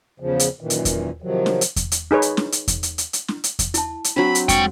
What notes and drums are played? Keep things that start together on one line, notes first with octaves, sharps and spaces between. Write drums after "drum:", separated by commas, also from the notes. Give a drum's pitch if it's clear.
E2 C#3 F3
drum: hi-hat
F#2 A#2 D#3 E3
drum: hi-hat
drum: kick E2, hi-hat
C3 D#3 F3 F#3
drum: snare
drum: hi-hat
drum: kick E2, hi-hat
drum: hi-hat
D#4 G#4 B4 C#5
drum: hi-hat
drum: snare
drum: hi-hat
drum: kick E2, hi-hat
drum: hi-hat
drum: hi-hat
drum: hi-hat
drum: snare
drum: hi-hat
drum: kick E2, hi-hat
E4 A5, drum: hi-hat
drum: hi-hat
F#3 C4 D4 B5
drum: hi-hat
G#3 G5 C#6, drum: kick E2, hi-hat